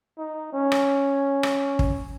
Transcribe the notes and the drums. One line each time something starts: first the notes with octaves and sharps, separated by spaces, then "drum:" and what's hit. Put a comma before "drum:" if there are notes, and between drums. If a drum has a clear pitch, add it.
D#4
C#4
drum: rim click
drum: rim click
drum: kick